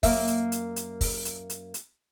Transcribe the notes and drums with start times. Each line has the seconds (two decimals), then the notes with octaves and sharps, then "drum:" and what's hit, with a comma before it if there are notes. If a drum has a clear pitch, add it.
0.03 F#2 A#3 E5, drum: kick, open hi-hat
0.27 drum: hi-hat
0.52 drum: hi-hat
0.76 drum: hi-hat
1.01 drum: kick, open hi-hat
1.25 drum: hi-hat
1.50 drum: hi-hat
1.74 drum: hi-hat